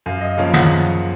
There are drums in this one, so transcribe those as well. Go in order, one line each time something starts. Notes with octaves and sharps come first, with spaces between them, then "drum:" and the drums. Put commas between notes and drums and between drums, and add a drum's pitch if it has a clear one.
F#2 F5
D#5
C#3 F3 A#3 C#4 F5
F#5, drum: tom